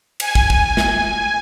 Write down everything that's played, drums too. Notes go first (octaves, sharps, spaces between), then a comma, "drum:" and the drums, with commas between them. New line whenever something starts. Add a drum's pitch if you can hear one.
G#5, drum: cymbal
drum: kick
drum: kick
drum: snare